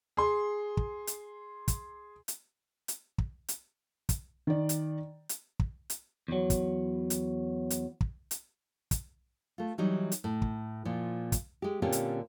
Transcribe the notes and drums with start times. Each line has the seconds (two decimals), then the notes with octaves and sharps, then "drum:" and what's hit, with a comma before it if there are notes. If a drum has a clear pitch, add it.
0.17 G#4 C6
0.77 drum: kick
1.07 drum: hi-hat
1.68 drum: kick, hi-hat
2.28 drum: hi-hat
2.88 drum: hi-hat
3.18 drum: kick
3.48 drum: hi-hat
4.09 drum: kick, hi-hat
4.47 D#3 D5
4.69 drum: hi-hat
5.29 drum: hi-hat
5.59 drum: kick
5.90 drum: hi-hat
6.28 E2 F#3
6.50 drum: kick, hi-hat
7.10 drum: hi-hat
7.70 drum: hi-hat
8.01 drum: kick
8.31 drum: hi-hat
8.91 drum: kick, hi-hat
9.58 A3 F4
9.78 E3 F#3 G3 D#4
10.12 drum: hi-hat
10.24 A2
10.42 drum: kick
10.85 A#2 F3
11.32 drum: kick, hi-hat
11.62 G#3 G4
11.82 A#2 D3 C4 C#4 F4 G4
11.92 drum: hi-hat